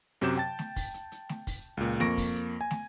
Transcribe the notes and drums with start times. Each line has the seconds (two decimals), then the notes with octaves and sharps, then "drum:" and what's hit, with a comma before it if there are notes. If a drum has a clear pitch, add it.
0.21 F#2 C3 F#3 D6 G6 E7, drum: hi-hat
0.38 G5 A5 A6
0.59 drum: snare
0.76 drum: kick, open hi-hat
0.94 drum: hi-hat
1.12 drum: hi-hat
1.29 drum: snare
1.47 drum: kick, open hi-hat
1.77 C#2 A#2
2.00 F2 A#3 C#6 A#6 D7, drum: snare
2.18 drum: kick, open hi-hat
2.35 drum: hi-hat
2.61 G#5
2.71 drum: snare